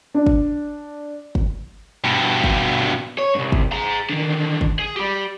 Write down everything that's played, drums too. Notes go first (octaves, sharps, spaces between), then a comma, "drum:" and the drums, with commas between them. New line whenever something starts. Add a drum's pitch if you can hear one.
D4
drum: kick
drum: kick
G2 B2
drum: kick
C#5
C2 G2
drum: kick
G#4 A#5
D3 D#3
drum: kick
G#4
G4 D5